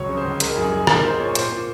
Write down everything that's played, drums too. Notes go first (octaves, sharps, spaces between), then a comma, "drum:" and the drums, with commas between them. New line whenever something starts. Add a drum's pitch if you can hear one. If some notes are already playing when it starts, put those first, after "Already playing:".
Already playing: C#2 F#3 C#5
C#3
C5
C#2
G#3 A#4, drum: hi-hat
F#2 G#4
G#3 G#4
A#2 A#4, drum: rim click
G#3 C5
A#2 C#5
A#2 C5, drum: hi-hat
A#2